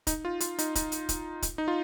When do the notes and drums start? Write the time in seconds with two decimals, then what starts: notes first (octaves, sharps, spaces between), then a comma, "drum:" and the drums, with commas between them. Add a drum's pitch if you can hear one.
0.07 D#4, drum: kick, hi-hat
0.25 F4
0.40 F4, drum: hi-hat
0.59 D#4, drum: hi-hat
0.75 D#4, drum: kick, hi-hat
0.92 drum: hi-hat
1.09 drum: kick, hi-hat
1.42 drum: kick, hi-hat
1.58 D#4
1.68 F4